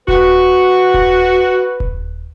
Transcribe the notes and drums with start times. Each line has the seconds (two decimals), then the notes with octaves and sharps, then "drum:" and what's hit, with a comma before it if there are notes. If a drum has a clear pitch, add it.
0.08 F#4 B4, drum: kick D#1
0.94 drum: kick D#1
1.80 drum: kick D#1